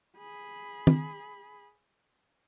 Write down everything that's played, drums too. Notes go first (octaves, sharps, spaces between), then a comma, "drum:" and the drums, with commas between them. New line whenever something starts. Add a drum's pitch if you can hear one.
G#4 B5
drum: tom